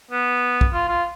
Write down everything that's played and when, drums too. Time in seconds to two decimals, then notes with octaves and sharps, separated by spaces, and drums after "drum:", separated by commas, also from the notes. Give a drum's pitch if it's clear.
0.11 B3
0.61 drum: kick
0.73 F4
0.89 F4